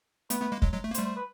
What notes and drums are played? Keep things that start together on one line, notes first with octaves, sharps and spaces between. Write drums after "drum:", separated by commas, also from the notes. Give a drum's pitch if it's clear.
A3 B3 B4, drum: hi-hat
A3 B3
G#3 A#3
F#3 G#3, drum: kick
F#3 G#3
A3
A#3
C5, drum: hi-hat
G3 A3
C5
B4